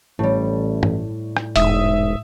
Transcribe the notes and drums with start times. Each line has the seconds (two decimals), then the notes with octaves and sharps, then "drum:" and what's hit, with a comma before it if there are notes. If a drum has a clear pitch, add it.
0.19 A1 A2 G3
0.83 drum: tom
1.37 drum: rim click
1.56 E1 G#2 E5 D#6, drum: hi-hat